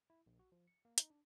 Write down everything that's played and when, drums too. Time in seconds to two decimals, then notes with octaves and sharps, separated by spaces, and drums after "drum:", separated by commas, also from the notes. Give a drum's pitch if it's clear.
0.10 E4
0.26 A#1
0.39 F#4
0.52 F3
0.68 C#7
0.85 A#3
0.98 D#4, drum: hi-hat
1.10 D4